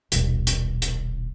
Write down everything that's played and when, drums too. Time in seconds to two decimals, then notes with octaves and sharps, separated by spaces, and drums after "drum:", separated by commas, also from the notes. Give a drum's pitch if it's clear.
0.12 D#1 B1, drum: hi-hat
0.47 drum: hi-hat
0.82 drum: hi-hat